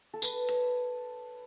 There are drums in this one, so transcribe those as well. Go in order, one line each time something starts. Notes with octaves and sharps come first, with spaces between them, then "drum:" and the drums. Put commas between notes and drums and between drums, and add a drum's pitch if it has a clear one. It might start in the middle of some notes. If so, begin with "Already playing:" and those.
A4
B4, drum: tambourine
C#5, drum: hi-hat